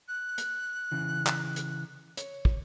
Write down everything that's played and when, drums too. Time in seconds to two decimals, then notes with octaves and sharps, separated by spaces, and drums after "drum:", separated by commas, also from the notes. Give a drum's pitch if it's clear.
0.08 F#6
0.38 drum: hi-hat
0.92 C#3 E3
1.27 drum: clap
1.56 drum: hi-hat
2.17 C#5, drum: hi-hat
2.45 drum: kick